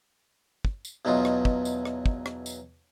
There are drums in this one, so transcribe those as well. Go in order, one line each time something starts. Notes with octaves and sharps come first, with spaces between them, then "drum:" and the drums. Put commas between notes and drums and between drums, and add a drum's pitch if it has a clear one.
drum: kick
drum: tambourine
E2 B2 F#3 D#4 F4
drum: rim click
drum: kick
drum: tambourine
drum: rim click
drum: kick
drum: rim click
drum: tambourine